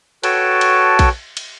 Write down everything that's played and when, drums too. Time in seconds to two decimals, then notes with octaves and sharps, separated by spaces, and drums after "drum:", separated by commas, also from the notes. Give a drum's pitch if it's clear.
0.23 F#4 A4 B4 C#5 G5 A5, drum: cymbal
0.61 drum: cymbal
0.99 drum: kick A#1, cymbal
1.37 drum: cymbal